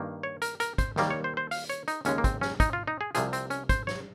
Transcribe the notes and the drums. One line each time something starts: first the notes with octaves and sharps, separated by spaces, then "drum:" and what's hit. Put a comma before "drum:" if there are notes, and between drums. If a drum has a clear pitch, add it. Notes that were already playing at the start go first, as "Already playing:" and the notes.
Already playing: G2 D#3 A#3
C#5
A#4, drum: hi-hat
A#4, drum: hi-hat
C5, drum: kick, hi-hat
D#2 D#3 G3 A#3, drum: snare
C#5
C5
C5
F5, drum: open hi-hat
C#5, drum: hi-hat
D#4, drum: hi-hat
D#2 C#3 G#3 C#4, drum: hi-hat
A#3
C4, drum: kick, hi-hat
C#4, drum: snare
D#4, drum: kick, hi-hat
F4
D#4
G#4
C2 C3 F3 G#4, drum: hi-hat
C4, drum: hi-hat
C#4, drum: hi-hat
C5, drum: kick, hi-hat
C#5, drum: snare